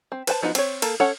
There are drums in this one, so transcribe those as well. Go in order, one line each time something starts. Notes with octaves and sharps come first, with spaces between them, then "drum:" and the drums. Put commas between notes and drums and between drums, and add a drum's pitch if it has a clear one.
C4
B4 C5 G5 A5, drum: cymbal
F3 B3 D#4 F#4
C4 C#5, drum: cymbal
A#3 A4, drum: cymbal
C#4 A4 C#5 F#5